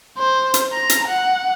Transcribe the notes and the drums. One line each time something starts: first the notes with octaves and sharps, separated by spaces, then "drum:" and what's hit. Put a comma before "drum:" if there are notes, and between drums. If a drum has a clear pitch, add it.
C5
drum: hi-hat
A#5
drum: hi-hat
F#5